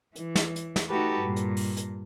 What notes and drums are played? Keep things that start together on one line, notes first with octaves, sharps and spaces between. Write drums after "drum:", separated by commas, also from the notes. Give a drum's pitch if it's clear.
E3, drum: hi-hat
drum: snare
drum: hi-hat
drum: snare
A3 D#4 F#4 G4 A4 B4
G2 A#2
drum: hi-hat
drum: open hi-hat
drum: hi-hat